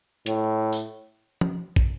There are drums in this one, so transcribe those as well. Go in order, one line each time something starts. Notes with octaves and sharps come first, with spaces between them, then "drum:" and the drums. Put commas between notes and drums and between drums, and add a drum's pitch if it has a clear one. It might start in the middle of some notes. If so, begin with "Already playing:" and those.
A2, drum: hi-hat
drum: tambourine
drum: tom F3
drum: kick